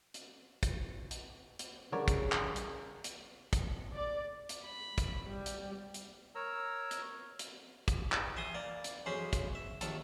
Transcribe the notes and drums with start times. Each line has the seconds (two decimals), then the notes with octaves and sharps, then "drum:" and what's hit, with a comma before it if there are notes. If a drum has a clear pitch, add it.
0.14 drum: hi-hat
0.63 drum: kick, hi-hat
1.11 drum: hi-hat
1.59 drum: hi-hat
1.92 C#3 E3 G3 D4 A#4 C#5 D5 F#5
2.08 drum: kick, hi-hat
2.32 drum: clap
2.56 drum: hi-hat
3.04 drum: hi-hat
3.53 drum: kick, hi-hat
3.95 D5
4.49 drum: hi-hat
4.65 B5
4.98 drum: kick, hi-hat
5.26 G3
5.46 drum: hi-hat
5.94 drum: hi-hat
6.35 A#4 C#5 A#5 E6
6.91 drum: hi-hat
7.39 drum: hi-hat
7.88 drum: kick, hi-hat
8.12 drum: clap
8.36 E5 G#5 C6 D#6
8.54 A#3 D5
8.84 drum: hi-hat
9.06 B1 C#4 G#4 C5 B5
9.33 drum: kick, hi-hat
9.55 E5
9.81 A#1 D#2 D#3 A4, drum: hi-hat